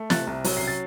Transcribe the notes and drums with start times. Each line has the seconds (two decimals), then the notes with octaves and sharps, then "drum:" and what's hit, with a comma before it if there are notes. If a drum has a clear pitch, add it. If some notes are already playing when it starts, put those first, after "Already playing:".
Already playing: A3
0.10 C3 F#6 A6, drum: snare
0.27 C2
0.44 F#3, drum: open hi-hat
0.57 C#4 C7
0.67 A6